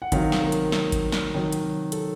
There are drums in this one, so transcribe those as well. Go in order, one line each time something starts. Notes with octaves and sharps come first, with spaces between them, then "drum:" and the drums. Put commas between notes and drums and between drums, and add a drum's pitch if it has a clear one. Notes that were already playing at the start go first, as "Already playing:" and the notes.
F#5
C3 D#3 F#3 F5, drum: kick G#1, hi-hat
drum: snare
A#4
drum: hi-hat
drum: snare
drum: kick G#1, hi-hat
drum: snare
C3 D#3 F#3
drum: hi-hat
A4, drum: hi-hat